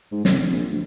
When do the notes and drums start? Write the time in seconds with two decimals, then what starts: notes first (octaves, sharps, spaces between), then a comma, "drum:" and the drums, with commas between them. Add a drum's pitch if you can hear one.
0.12 G#2
0.25 C2, drum: snare
0.38 F1
0.52 A#1
0.70 D2